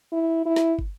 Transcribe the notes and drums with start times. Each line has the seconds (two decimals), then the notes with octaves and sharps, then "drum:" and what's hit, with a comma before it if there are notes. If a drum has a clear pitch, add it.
0.12 E4
0.45 E4
0.56 drum: snare
0.79 drum: kick